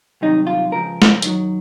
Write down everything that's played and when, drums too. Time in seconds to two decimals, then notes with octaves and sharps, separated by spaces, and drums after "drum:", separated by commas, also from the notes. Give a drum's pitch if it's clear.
0.21 C2 C3 D#3 F#3 D#4
0.47 F4
0.72 C#2 C#3 F3 A#4
1.02 drum: snare
1.22 F#2 D#3 F#3, drum: hi-hat